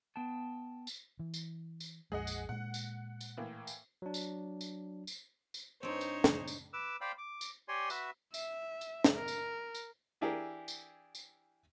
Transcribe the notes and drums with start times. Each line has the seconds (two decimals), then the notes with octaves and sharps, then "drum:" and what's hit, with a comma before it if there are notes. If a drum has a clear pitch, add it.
0.16 B3 G5 A5
0.87 drum: tambourine
1.19 E3
1.34 drum: tambourine
1.80 drum: tambourine
2.12 A#1 F2 G#3 G#4 D#5 F#5
2.27 drum: tambourine
2.49 A#2 G#3 F#5
2.74 drum: tambourine
3.21 drum: tambourine
3.37 A2 E3 A#3
3.67 drum: tambourine
4.02 F#3 D4
4.14 drum: tambourine
4.61 drum: tambourine
5.07 drum: tambourine
5.54 drum: tambourine
5.83 G2 C4 D#4 C5 C#5
6.01 drum: tambourine
6.24 drum: snare
6.48 drum: tambourine
6.73 B4 D6 E6
7.01 C5 D5 F5 G5 B5
7.18 D6
7.41 drum: tambourine
7.68 G4 C#5 D5 G#5 C6
7.90 F#4 B4 E5, drum: tambourine
8.34 E5, drum: tambourine
8.81 drum: tambourine
9.04 drum: snare
9.15 A#4
9.28 drum: tambourine
9.75 drum: tambourine
10.21 E3 D4 E4 G4 G#4 A#4
10.68 drum: tambourine
11.15 drum: tambourine